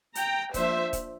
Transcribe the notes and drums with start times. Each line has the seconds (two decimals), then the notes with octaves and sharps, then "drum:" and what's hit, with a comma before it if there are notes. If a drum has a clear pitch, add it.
0.15 G5 A#5, drum: hi-hat
0.54 F3 A#3 D4 C5 E5, drum: kick D#1, hi-hat
0.93 drum: kick D#1, hi-hat